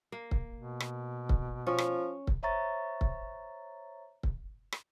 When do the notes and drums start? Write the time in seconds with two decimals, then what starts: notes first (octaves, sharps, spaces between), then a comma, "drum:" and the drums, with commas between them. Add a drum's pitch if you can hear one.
0.12 A#3
0.31 drum: kick C#1
0.56 B2
0.80 drum: rim click
1.29 drum: kick C#1
1.67 F3 C#4
1.78 drum: rim click
2.27 drum: kick C#1
2.43 C5 C#5 E5 A#5 C#6 A6
3.01 drum: kick C#1
4.23 drum: kick C#1
4.72 drum: rim click